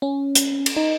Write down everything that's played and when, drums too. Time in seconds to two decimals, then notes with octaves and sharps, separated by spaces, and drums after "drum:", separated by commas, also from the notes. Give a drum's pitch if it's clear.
0.02 C#4
0.35 drum: hi-hat
0.66 drum: cymbal
0.76 D#4